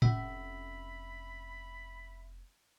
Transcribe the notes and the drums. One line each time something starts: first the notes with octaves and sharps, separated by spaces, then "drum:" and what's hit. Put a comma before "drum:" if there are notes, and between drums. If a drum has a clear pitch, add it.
F1 C#4 E5 B5, drum: tom A2